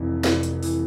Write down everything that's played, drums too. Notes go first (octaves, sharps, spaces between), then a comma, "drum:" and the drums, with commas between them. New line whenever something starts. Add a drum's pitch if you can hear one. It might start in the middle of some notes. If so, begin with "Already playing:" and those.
Already playing: F1 F2 E3
F1, drum: snare
drum: hi-hat
E3, drum: open hi-hat